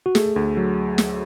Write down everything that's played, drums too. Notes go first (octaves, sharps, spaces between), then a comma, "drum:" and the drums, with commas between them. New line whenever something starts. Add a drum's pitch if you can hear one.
F#4
A3 G#4, drum: snare
D2
F#3
drum: snare